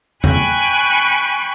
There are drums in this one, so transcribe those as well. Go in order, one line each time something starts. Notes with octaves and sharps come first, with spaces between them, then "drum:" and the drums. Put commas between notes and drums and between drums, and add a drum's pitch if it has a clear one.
G5 G#5 B5 C#6 F#6, drum: tom E2